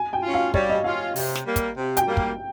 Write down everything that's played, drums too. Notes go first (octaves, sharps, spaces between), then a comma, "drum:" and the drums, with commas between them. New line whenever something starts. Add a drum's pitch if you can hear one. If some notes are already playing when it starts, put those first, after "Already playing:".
Already playing: G#5
G5
C#4 F4
F5
G3 C#5, drum: kick
D#5
C#4 F4 F5
C3, drum: open hi-hat
drum: snare
G3 A#3
drum: kick, hi-hat
C3
G5, drum: hi-hat
G3 A#3
drum: kick